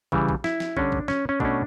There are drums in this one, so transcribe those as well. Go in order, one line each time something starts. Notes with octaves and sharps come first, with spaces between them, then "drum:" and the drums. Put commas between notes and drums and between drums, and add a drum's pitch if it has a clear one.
C#3 E3 G3, drum: kick
drum: kick
E4, drum: snare
drum: snare
D3 G3 C#4 D4, drum: kick
drum: kick
C#4, drum: snare
C#4
B2 A3 C#4 D4, drum: kick